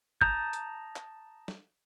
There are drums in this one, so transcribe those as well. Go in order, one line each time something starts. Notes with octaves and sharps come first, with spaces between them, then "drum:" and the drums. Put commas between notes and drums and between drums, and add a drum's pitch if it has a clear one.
A5 A#5 D#6 G6, drum: kick
drum: hi-hat
drum: clap
drum: snare